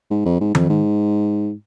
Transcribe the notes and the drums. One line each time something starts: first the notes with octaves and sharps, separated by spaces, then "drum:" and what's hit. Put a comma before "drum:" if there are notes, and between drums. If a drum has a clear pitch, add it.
G#2
F2
G#2
F2, drum: tom D#3
G#2